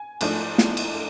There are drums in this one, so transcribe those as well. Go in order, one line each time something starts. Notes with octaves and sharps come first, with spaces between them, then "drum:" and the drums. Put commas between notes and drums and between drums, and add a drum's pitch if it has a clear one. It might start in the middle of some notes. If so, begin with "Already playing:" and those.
Already playing: G#5
G#2 F3 A3 D4, drum: cymbal
drum: snare
drum: cymbal